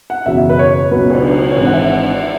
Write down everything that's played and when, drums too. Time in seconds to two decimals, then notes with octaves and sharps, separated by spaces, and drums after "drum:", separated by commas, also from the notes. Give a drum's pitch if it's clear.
0.10 F#5
0.26 F#1 E2 B2 E5
0.49 B4
0.59 C#5
0.91 C#2 B2 F#3 B4
1.10 drum: cymbal
1.50 C#5
1.57 G#1 G#2 E3 G#3 B4
1.66 F#5
1.73 E5
1.90 F#5
2.06 F#5
2.23 E5